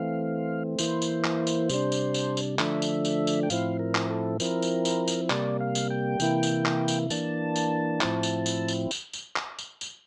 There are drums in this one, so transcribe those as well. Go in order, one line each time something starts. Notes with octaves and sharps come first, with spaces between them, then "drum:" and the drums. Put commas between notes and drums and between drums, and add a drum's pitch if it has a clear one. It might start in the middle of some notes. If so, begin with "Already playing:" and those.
Already playing: E3 A3 C4 F5
E3 A#3 E4 C5, drum: tambourine
drum: tambourine
drum: clap
drum: tambourine
C3 G3 D4, drum: tambourine
drum: tambourine
drum: tambourine
drum: tambourine
D3 F3 A3 D4 E5, drum: clap
drum: tambourine
drum: tambourine
drum: tambourine
G5
A2 F3 C4 E4 F5, drum: tambourine
A#4
drum: clap
A4
F3 C4 E4 A#4, drum: tambourine
drum: tambourine
drum: tambourine
drum: tambourine
C3 G3 A#3 D5, drum: clap
F5
drum: tambourine
G5
C3 E3 A#3 E4, drum: tambourine
drum: tambourine
drum: clap
drum: tambourine
E3 A#3 D4 A5, drum: tambourine
drum: tambourine
A2 F3 C4 E4, drum: clap
drum: tambourine
drum: tambourine
drum: tambourine
drum: tambourine
drum: tambourine
drum: clap
drum: tambourine
drum: tambourine